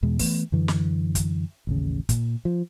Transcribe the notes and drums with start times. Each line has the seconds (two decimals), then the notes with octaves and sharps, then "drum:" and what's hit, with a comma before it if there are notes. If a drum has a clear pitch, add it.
0.03 E2 B2 G#3
0.19 E3 A3 B3, drum: kick, open hi-hat
0.52 F#2 D3 E3
0.68 drum: snare
1.15 drum: kick, hi-hat
1.67 A1 D#2 C#3
2.09 A#2, drum: kick, hi-hat
2.45 F3